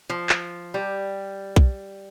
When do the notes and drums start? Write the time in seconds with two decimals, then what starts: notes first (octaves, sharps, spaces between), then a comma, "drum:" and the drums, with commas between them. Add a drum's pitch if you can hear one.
0.10 F3
0.29 drum: clap
0.74 G3
1.56 drum: kick B1